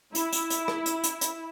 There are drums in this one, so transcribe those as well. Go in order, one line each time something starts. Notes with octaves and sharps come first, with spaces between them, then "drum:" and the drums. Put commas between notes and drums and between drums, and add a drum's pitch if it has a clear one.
E4, drum: hi-hat
drum: hi-hat
drum: hi-hat
drum: rim click
drum: hi-hat
drum: hi-hat
drum: hi-hat